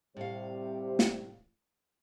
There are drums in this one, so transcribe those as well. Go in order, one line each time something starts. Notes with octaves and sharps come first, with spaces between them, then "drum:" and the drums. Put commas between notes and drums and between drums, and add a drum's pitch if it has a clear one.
A2 C3 G3 C5 F5
drum: snare